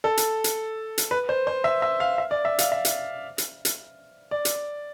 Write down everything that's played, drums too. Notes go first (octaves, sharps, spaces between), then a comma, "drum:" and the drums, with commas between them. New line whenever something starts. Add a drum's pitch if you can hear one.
A4
drum: hi-hat
drum: hi-hat
drum: hi-hat
B4
C5
C5
E5
E5
F5
E5
D5
E5
F5, drum: hi-hat
E5
drum: hi-hat
drum: hi-hat
drum: hi-hat
D5
drum: hi-hat